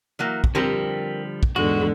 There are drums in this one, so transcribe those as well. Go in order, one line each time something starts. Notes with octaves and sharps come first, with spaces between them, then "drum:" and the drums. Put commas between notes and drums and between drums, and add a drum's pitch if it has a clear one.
E3 F#3 A#3
drum: kick
D3 F3 G3 C4 G4 A#4
drum: kick
E2 G#2 D3 G#3 F#4